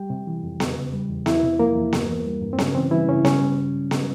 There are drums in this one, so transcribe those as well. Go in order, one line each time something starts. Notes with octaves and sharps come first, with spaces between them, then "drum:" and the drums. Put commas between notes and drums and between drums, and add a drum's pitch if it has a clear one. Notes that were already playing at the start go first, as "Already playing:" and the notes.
Already playing: G3 G4 G5
C3
E3
F2
E2, drum: snare B3
C#3
G3
E2
E2 E4 E5, drum: snare B3
C3
F3 A#3 A#4
E2
G2, drum: snare B3
E3
G3
G2
C4
G2 C#3 C#4, drum: snare B3
E3 C4
E3 G3 E4
G2 C#3 C#4
C#3 G3 C#4, drum: snare B3
G3
G2
G2
drum: snare B3